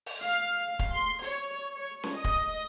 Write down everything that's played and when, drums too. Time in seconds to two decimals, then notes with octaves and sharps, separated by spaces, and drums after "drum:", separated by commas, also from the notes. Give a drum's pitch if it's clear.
0.06 drum: open hi-hat
0.22 F5
0.79 drum: kick
0.91 C6
1.24 C#5, drum: hi-hat
1.75 C#5
2.03 drum: snare C#4
2.15 D#5
2.24 drum: kick